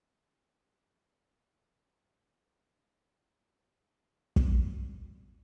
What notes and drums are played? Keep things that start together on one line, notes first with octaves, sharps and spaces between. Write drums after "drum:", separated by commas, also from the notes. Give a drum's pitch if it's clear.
E3
B3
C#4
E5
F#4
E4
A4 D5
drum: kick